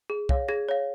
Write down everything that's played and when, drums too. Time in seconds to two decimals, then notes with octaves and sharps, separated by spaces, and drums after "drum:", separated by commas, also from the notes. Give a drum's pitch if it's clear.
0.10 G#4
0.29 C#5 F5, drum: kick
0.48 G#4 G#6 A#6
0.69 C#5 F5